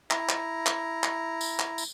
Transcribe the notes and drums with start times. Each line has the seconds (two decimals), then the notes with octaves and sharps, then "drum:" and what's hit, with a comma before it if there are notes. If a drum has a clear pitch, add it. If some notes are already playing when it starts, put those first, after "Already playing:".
0.11 E4 A#5, drum: clap
0.29 drum: clap
0.66 drum: clap
1.04 drum: clap
1.41 drum: tambourine
1.59 drum: clap
1.78 drum: tambourine